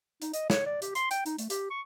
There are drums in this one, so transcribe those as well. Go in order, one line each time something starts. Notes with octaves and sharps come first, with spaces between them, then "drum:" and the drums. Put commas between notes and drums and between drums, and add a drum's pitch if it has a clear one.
D#4, drum: hi-hat
D#5, drum: hi-hat
C#5, drum: snare
D5
G4, drum: hi-hat
C6, drum: hi-hat
G5, drum: hi-hat
D#4, drum: hi-hat
A3, drum: hi-hat
G4, drum: hi-hat
C#6